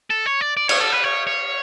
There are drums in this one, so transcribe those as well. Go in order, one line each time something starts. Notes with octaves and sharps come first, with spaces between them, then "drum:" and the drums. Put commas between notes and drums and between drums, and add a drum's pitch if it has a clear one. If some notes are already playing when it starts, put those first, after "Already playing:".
A4
C#5
D5
D5
C#5, drum: cymbal
A4
B4
C#5
C#5